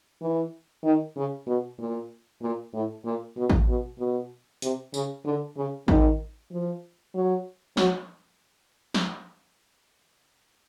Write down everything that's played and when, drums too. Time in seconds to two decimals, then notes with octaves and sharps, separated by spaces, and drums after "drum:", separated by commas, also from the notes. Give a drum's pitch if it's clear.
0.21 E3
0.84 D#3
1.16 C#3
1.47 B2
1.79 A#2
2.42 A#2
2.74 A2
3.05 A#2
3.36 B2
3.50 drum: kick A1
3.68 B2
3.99 B2
4.62 C3, drum: hi-hat
4.94 C#3, drum: tambourine
5.25 D3
5.57 C#3
5.88 D#3, drum: kick A1
6.52 F3
7.15 F#3
7.77 F#3, drum: snare
8.94 drum: snare